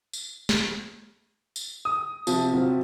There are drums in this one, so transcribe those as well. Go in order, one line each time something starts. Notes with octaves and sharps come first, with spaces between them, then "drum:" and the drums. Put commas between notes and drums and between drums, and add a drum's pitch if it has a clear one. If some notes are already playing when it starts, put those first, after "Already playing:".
drum: tambourine
drum: snare
drum: tambourine
D#6
C3 F3, drum: tambourine
F#3 C4 F4